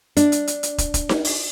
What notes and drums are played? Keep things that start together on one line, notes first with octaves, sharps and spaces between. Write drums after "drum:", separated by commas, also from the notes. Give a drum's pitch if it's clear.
D4, drum: hi-hat
drum: hi-hat
drum: hi-hat
drum: hi-hat
drum: kick, hi-hat
drum: kick, hi-hat
drum: snare D#4
drum: open hi-hat